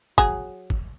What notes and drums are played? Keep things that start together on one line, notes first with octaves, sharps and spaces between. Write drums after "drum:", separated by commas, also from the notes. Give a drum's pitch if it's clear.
F#3 G#4, drum: kick
drum: kick